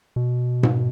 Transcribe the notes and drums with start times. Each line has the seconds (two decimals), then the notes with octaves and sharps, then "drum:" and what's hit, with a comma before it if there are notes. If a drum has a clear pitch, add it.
0.16 B2
0.63 drum: tom G#2